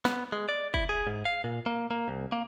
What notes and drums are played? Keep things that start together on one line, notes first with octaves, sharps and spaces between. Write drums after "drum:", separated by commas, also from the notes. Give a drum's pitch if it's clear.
B3, drum: snare
G#3
D5
E4, drum: kick
G#4
G#2
F5
A#2
A#3
A#3
C2
A#3